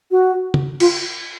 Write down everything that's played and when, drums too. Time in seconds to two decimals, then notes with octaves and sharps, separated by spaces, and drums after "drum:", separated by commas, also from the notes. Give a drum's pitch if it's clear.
0.11 F#4
0.54 drum: tom
0.80 F4, drum: cymbal